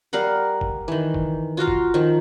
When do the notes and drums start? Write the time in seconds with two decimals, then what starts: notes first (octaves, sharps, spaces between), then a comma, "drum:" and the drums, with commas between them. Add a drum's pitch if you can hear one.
0.13 G3 A#4 F5 F#5
0.61 drum: kick
0.88 D#3 E3
1.14 drum: kick
1.57 F4 F#4 F5 A#5
1.68 drum: kick
1.94 D#3 F3